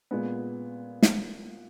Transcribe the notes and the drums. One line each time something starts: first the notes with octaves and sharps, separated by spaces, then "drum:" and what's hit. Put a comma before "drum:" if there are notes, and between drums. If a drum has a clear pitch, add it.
A#2 G#3 B3
drum: snare